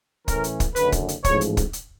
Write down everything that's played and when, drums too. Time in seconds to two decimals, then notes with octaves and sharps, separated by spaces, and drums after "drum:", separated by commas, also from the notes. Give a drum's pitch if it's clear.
0.28 A2 E3 A3 C#4 A#4, drum: kick, hi-hat
0.44 drum: hi-hat
0.60 drum: kick, hi-hat
0.76 F#1 F#2 D3 B4, drum: hi-hat
0.92 drum: kick, hi-hat
1.08 drum: hi-hat
1.24 A1 G#2 F3 G#3 C#5, drum: kick, hi-hat
1.41 drum: hi-hat
1.57 drum: kick, hi-hat
1.73 drum: hi-hat